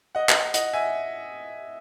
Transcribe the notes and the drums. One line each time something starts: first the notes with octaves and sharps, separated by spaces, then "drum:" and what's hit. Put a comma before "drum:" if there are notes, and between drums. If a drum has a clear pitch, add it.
D#5 F#5
drum: clap
D#5 F#5, drum: hi-hat
E5 G#5